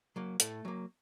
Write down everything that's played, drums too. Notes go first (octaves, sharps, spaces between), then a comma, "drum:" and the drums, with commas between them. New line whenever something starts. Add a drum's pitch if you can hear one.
F#3 A#3
A2 A3 A4, drum: hi-hat
F#3 A#3